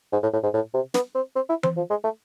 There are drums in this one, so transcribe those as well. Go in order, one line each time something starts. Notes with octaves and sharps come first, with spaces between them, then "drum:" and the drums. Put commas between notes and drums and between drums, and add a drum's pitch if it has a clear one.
G#2
A2
A2
G#2
A2
C3
B3, drum: snare
C4
C4
E4
C4, drum: tom E3
F3
G#3
A3